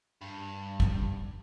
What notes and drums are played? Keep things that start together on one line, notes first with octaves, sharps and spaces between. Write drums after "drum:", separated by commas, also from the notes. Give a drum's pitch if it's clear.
G2
drum: kick